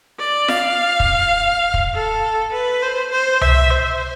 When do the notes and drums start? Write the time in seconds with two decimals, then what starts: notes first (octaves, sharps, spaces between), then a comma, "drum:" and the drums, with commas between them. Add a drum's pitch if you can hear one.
0.19 D5
0.48 F5, drum: snare F4
1.00 drum: kick
1.74 drum: kick
1.95 A4
2.54 B4
2.82 C5
3.12 C5
3.41 E5, drum: tom C2
3.70 C5